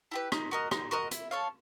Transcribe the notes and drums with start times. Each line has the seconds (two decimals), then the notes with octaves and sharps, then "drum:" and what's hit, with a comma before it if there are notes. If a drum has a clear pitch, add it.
0.11 E4 G4 B4
0.32 D#4, drum: rim click
0.51 F#4 A#4 D#5
0.71 D#4, drum: rim click
0.91 F#4 A#4 D#5
1.11 E4, drum: hi-hat
1.31 A4 C#5 F5